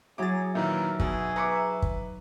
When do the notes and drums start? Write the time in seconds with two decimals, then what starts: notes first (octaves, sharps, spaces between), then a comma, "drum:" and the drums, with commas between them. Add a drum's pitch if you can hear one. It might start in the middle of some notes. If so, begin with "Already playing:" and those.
0.18 F#3 E4 G#4 D6 A6
0.55 A#2 D#3 E3 D#4 A#4 E5
1.00 B2 G#4, drum: kick
1.36 B4 A#5 C#6 D6
1.82 drum: kick